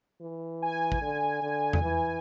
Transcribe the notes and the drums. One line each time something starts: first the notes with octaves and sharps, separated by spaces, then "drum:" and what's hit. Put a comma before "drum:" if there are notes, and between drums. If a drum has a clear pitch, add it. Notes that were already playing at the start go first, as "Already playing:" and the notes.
E3
G#5
drum: kick
D3
D3
drum: tom E2
E3